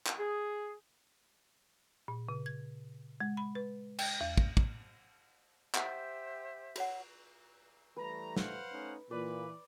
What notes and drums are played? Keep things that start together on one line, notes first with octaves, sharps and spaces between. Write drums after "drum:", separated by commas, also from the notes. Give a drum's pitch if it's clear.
drum: clap
G#4
A#2
C#3
G#6
G#3
B5
B4
G5, drum: cymbal
E2
drum: kick
drum: kick
G4 C5 E5 F#5, drum: clap
F#4 C#5 F#5, drum: cymbal
E3 G3 A3 B4 A#5
C5 F5 F#5, drum: snare
A3 C#4 D#4
A#2 E3 B4 D5